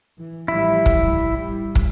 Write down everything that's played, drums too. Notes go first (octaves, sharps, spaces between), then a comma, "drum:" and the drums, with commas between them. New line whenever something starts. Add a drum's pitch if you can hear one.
E3
A1 F3 G3 E4
drum: kick
G3
drum: kick